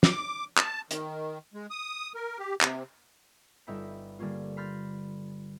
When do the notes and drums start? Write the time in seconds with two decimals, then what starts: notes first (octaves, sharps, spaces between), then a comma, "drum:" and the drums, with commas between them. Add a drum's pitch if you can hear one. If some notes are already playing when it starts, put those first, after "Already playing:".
0.03 D6, drum: snare
0.57 A5, drum: clap
0.91 D#3, drum: hi-hat
1.54 G#3
1.70 D#6
2.15 A#4
2.39 G4
2.61 C3, drum: clap
3.67 G1 D#4 E5 G5 B5
4.19 D3 G3 A#3 C#4 F4
4.57 B5 C6 F6 G6 A6 A#6